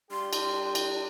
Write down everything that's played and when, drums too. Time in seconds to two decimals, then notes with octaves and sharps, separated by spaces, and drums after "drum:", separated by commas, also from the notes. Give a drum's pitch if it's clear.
0.11 G3 D4 G4 C6
0.33 drum: cymbal
0.75 drum: cymbal